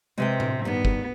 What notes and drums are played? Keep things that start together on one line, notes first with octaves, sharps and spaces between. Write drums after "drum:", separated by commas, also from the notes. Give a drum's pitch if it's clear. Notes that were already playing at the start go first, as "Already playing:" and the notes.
C3 G#3 B4 G5
drum: tom A2
G2 D#3 B3
drum: kick